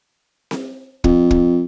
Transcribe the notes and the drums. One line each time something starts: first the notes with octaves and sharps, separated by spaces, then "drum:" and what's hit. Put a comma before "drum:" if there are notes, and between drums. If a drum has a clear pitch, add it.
drum: snare C4
F2, drum: kick
drum: kick